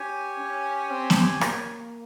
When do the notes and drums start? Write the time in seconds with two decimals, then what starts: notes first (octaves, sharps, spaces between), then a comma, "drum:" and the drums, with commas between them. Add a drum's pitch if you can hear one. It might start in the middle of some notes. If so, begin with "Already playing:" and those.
Already playing: C#4 G4 C#5 G#5
0.40 C#4
0.90 C4
1.10 drum: snare B3
1.41 A#3, drum: rim click